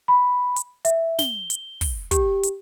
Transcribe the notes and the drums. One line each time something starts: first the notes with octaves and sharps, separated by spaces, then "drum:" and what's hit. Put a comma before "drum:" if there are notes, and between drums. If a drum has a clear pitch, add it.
B5
drum: hi-hat
E5, drum: hi-hat
G7, drum: snare
drum: hi-hat
drum: kick, open hi-hat
G4, drum: kick, hi-hat
drum: hi-hat